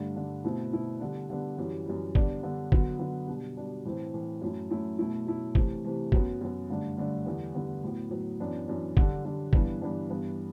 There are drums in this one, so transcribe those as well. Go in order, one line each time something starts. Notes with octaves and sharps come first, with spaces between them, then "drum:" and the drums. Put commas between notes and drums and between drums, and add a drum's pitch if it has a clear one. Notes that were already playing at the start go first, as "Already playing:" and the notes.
Already playing: G2 D3 A3 D4
G2 D3 A3 D4
B2 A3 C4 E4
B2 A3 C4 E4
D3 G3 B3 D4
D3 G3 B3 D4
F#2 E3 G3
F#2 E3 G3
D3 G3 B3 D4, drum: kick
D3 G3 B3 D4
D3 F#3 B3, drum: kick
D3 F#3 B3
B2 G3 D4
B2 G3 D4
A2 E3 A3 C4
A2 E3 A3 C4
F#2 F#3 A3 E4
F#2 F#3 A3 E4
B2 A3 E4
B2 A3 E4
C3 E3 A3, drum: kick
C3 E3 A3
F#2 F#3 B3, drum: kick
F#2 F#3 B3
G2 D3 A3 D4
G2 D3 A3 D4
E2 D3 G3 B3
E2 D3 G3 B3
A2 F#3 B3
A2 F#3 B3
F#2 E3 B3 D4
F#2 E3 B3 D4
D3 G3 D4, drum: kick
D3 G3 D4
G2 E3 B3 D4, drum: kick
G2 E3 B3 D4
G2 E3 B3